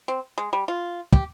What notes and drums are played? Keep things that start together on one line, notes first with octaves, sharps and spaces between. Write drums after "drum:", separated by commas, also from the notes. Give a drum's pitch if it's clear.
C4
G#3
G3
F4
G4, drum: kick